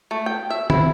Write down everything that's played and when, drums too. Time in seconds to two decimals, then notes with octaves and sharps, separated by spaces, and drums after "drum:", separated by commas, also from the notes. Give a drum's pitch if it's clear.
0.11 A3
0.26 G5
0.50 E5
0.70 E4, drum: tom D#3